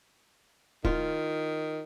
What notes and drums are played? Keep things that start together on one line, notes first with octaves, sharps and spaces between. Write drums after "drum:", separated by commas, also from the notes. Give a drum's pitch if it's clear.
D#3 F4, drum: kick